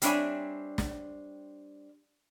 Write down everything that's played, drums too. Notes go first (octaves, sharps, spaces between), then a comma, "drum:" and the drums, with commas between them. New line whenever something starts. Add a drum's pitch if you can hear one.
G3 C4 D4 C#5 E5 G#5, drum: hi-hat
drum: snare